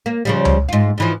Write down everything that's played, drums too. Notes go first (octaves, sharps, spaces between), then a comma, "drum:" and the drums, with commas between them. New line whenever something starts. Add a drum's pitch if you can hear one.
A#3
C#3 F3 G3
drum: tom C#2
G#2 F4
G#2 E3 F3